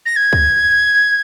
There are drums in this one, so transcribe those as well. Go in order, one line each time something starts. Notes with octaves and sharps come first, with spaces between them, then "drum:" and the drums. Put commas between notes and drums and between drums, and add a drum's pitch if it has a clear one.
A#6
G#6
drum: kick C#2